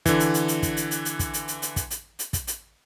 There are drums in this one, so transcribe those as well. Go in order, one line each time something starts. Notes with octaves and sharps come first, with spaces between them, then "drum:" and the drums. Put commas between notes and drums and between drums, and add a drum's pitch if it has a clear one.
D3 E3, drum: kick, hi-hat
drum: hi-hat
drum: hi-hat
drum: hi-hat
drum: kick, hi-hat
drum: hi-hat
drum: hi-hat
drum: hi-hat
drum: kick, hi-hat
drum: hi-hat
drum: hi-hat
drum: hi-hat
drum: kick, hi-hat
drum: hi-hat
drum: hi-hat
drum: kick, hi-hat
drum: hi-hat